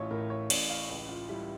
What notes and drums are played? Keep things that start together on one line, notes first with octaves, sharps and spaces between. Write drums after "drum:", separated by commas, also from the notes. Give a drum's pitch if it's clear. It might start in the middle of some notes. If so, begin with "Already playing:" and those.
Already playing: A1 A3 E4 F4 C#5
A2 A#4
C#5
A1 D5, drum: cymbal
F5
C#2
F4
G3 E4